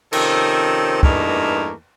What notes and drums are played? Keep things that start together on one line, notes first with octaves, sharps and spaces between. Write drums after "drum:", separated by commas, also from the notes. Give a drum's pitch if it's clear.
C3 D#3 F3 C4 C#4 A4, drum: cymbal
E2 G2 A3 A#3 D#4 A#4, drum: kick